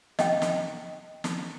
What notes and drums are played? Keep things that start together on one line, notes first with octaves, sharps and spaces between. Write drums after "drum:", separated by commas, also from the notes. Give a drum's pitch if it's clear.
D#5 G5, drum: snare
drum: snare
drum: snare